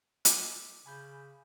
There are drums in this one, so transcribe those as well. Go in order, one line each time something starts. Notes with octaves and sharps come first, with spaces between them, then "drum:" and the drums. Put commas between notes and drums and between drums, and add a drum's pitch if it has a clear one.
D6, drum: hi-hat
C#3 G#5 B5 G6